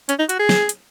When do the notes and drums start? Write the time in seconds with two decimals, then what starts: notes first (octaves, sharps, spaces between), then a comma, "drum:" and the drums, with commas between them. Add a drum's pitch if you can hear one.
0.09 C#4, drum: hi-hat
0.19 D#4
0.29 F#4, drum: hi-hat
0.39 G#4
0.49 drum: snare
0.69 drum: hi-hat